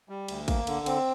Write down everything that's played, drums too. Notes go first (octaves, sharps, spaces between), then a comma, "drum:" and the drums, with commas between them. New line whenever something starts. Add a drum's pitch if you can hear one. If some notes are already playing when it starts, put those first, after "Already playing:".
G3
D2, drum: cymbal
A#3, drum: kick, cymbal
D3, drum: cymbal
C4, drum: cymbal